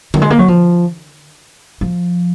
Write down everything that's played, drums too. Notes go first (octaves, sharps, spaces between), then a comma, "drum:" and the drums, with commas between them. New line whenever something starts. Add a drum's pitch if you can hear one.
F#3, drum: tom D3
G#3
A#3
F#3
F3
F3